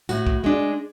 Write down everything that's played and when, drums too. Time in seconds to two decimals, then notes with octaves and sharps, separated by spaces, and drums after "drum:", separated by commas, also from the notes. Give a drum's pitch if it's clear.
0.09 A2 F#4, drum: tambourine
0.27 drum: kick
0.44 G#3 D4